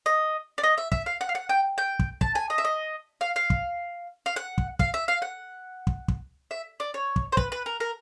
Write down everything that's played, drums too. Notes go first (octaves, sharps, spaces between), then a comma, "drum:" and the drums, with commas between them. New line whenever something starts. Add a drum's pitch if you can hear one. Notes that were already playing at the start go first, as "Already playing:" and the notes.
D#5
D5
D#5
E5
E5, drum: kick
F5
F#5
F5
F#5
G5
G5
drum: kick
A5, drum: kick
G#5
D#5
E5
D#5
F5
F5
drum: kick
F5
F#5
drum: kick
F5, drum: kick
E5
F5
F#5
drum: kick
drum: kick
E5
D5
C#5
drum: kick
C5
B4, drum: kick
B4
A#4
A#4